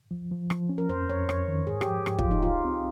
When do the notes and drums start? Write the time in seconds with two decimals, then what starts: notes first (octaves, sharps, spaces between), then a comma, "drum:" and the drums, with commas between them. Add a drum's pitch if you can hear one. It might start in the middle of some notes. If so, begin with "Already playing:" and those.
0.11 F3
0.31 F3
0.50 F3, drum: rim click
0.69 C#4
0.78 A#4
0.89 F2 C5
1.09 F2 C#5
1.29 F2 C#5, drum: rim click
1.48 D#3
1.67 G#2 G#4
1.81 G4, drum: rim click
1.87 F3
2.06 G#2 G4, drum: rim click
2.19 F4, drum: kick
2.26 F3
2.31 D#4
2.42 C2 F4
2.64 C4